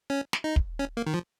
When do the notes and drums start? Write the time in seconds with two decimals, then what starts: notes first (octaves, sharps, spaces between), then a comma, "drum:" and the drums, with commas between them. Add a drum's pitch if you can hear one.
0.10 C#4
0.33 drum: snare
0.44 D#4
0.56 drum: kick
0.79 C#4
0.97 A#3
1.06 D#3
1.14 F3